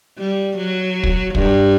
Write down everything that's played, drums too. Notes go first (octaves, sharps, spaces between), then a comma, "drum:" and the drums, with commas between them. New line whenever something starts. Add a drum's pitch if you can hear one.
G3
F#3
drum: kick
G2, drum: kick